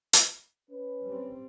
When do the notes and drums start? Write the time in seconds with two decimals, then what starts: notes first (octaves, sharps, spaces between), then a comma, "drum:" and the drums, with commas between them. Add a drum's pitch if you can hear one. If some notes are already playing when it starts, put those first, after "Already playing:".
0.13 drum: hi-hat
0.70 C#4 B4
1.06 G3 C4